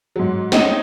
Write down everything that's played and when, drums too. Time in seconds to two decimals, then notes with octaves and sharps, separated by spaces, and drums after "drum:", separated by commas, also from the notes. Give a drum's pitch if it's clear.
0.16 G#2 F#3
0.52 C4 C#4 D#4 D#5, drum: snare